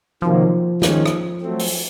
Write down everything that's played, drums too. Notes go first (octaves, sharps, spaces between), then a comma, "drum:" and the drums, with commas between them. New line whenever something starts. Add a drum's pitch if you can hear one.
C3 D#3 F3 F#3 A#3
D#3 G#3 C#4, drum: snare
drum: rim click
F#3 A3 C4
drum: open hi-hat